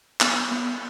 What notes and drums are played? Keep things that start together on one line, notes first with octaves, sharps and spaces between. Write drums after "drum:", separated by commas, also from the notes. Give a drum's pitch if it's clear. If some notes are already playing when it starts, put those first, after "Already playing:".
B3, drum: clap
B3